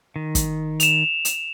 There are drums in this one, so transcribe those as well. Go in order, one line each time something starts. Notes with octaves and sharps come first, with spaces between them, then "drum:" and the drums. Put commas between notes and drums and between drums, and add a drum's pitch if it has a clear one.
D#3
drum: kick, hi-hat
E7 F7, drum: hi-hat
drum: hi-hat